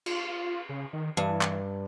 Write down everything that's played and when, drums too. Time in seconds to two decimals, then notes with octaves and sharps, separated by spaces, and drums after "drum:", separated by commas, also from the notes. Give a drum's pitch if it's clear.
0.06 F4, drum: cymbal
0.69 C#3
0.93 D#3
1.17 G2 E3
1.41 drum: clap